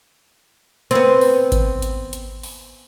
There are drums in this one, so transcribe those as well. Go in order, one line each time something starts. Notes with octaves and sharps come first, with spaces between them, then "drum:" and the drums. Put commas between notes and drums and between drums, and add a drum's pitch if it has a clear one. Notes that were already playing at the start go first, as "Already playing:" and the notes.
B3 C4, drum: hi-hat
drum: open hi-hat
drum: kick G#1, hi-hat
drum: hi-hat
drum: hi-hat
drum: open hi-hat